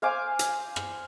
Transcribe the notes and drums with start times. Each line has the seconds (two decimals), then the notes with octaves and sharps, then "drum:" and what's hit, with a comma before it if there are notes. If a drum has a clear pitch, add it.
0.02 C5 F5 G#5 D6
0.39 drum: hi-hat
0.76 drum: rim click